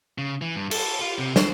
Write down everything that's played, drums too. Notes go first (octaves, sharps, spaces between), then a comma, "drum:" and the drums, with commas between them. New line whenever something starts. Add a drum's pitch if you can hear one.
C#3
E3
G2
A4, drum: cymbal
F4
C3
C5, drum: snare